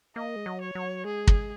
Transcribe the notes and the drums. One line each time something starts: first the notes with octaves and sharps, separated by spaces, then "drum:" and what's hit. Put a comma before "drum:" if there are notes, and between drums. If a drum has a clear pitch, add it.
A#3 D#5
G#3
F#3
C#5
F#3
G#3 G#4
drum: kick